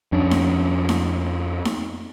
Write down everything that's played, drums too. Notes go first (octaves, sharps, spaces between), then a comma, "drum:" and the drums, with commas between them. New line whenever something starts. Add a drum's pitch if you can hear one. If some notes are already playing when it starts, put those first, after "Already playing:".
F2 C#4 D4
drum: snare D#4
drum: snare D#4
drum: snare D#4